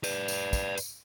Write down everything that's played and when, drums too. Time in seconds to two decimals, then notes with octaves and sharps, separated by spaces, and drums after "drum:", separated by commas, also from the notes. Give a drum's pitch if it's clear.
0.04 B4 D5, drum: tambourine
0.28 drum: tambourine
0.53 drum: kick, tambourine
0.78 drum: tambourine